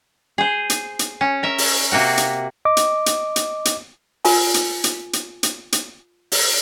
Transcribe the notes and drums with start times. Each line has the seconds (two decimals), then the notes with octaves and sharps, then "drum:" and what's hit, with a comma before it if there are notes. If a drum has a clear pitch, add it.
0.38 G#4 C5
0.70 drum: hi-hat
0.99 drum: hi-hat
1.21 C#4
1.43 A#4 E5
1.58 drum: open hi-hat
1.91 C3 A#3 F#4 G5
2.17 drum: hi-hat
2.65 D#5 D6
2.77 drum: hi-hat
3.06 drum: hi-hat
3.36 drum: hi-hat
3.65 drum: hi-hat
4.25 F4 A#4 G#5, drum: open hi-hat
4.54 drum: hi-hat
4.84 drum: hi-hat
5.13 drum: hi-hat
5.43 drum: hi-hat
5.72 drum: hi-hat
6.32 drum: open hi-hat